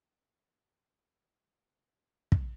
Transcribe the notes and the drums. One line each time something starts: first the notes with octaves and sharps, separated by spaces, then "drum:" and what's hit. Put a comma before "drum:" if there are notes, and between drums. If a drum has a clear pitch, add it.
B3 F4 G#4 B5
B3 F4 G#4
D4 F4 G#4 D6
drum: kick